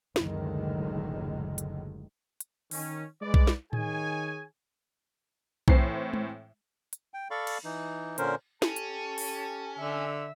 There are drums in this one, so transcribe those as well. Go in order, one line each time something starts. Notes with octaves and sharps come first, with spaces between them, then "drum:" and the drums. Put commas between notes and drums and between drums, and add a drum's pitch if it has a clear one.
F#1 C#2 A2 D3 D#3 G#3, drum: snare
drum: hi-hat
drum: hi-hat
D#3 C#4, drum: open hi-hat
G#3 B4 D5
drum: kick B1
drum: snare
D#3 G#4 C#5 G#5, drum: tom A2
A2 E3 C4 C5 C7, drum: kick B1
drum: tom G#3
drum: hi-hat
G5
A4 D5 F5 B5 C#6
drum: cymbal
E3 D#4
A#2 D3 C#4 A#4 C5, drum: hi-hat
C#4 G4 A4 A5, drum: snare
drum: hi-hat
drum: open hi-hat
D3 E5